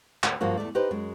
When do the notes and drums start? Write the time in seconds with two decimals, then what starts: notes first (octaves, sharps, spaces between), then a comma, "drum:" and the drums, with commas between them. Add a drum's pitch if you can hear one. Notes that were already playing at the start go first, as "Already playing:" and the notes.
0.23 D2 D5, drum: clap
0.41 G2 F3 A#3 F#4
0.57 E2 A3 A4 D5
0.75 D#4 G4 B4 C5
0.91 F#2 G#3